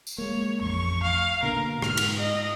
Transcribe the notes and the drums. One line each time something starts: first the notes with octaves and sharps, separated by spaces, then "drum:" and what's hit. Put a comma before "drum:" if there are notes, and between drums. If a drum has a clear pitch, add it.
drum: tambourine
G#3 A#3 C#5
A1 F2 C#6
F5
B2 D3 A#3 A#4
G#2 F6, drum: rim click
drum: cymbal
D#5